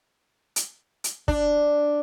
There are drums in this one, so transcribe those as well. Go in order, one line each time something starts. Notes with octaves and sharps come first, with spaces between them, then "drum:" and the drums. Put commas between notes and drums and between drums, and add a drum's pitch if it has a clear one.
drum: hi-hat
drum: hi-hat
D4, drum: kick